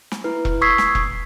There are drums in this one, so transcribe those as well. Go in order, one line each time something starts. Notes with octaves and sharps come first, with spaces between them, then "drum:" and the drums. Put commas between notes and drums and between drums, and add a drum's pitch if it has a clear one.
drum: snare
E4 B4
drum: kick E1
C#6 D#6 E6 G#6 B6 C7
drum: snare
drum: kick E1